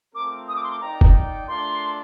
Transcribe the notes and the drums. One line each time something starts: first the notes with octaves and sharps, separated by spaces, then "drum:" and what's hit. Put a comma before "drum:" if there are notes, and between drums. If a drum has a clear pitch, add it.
A3 C4 F4 A#4 D6
D#6
D6
C6
D6
D#4 A#4 D5 G5 A#5
drum: kick
A3 D4 F4 A#4 D5 C6